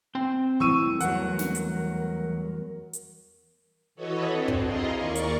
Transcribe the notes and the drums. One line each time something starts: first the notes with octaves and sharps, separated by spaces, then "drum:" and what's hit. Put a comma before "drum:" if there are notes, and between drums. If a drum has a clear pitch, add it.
C4 G5
E3 G3 A3 E4 C#6 E6 D#7
E2 F#3 A#4 F#5, drum: hi-hat
drum: snare
drum: hi-hat
drum: hi-hat
E3 F#4 A4 B4 C#5 D#5
C4 D4
drum: kick
E4 F4 G#4 D#5 A#5 C6
D#2 A#4 D5 C#6
drum: hi-hat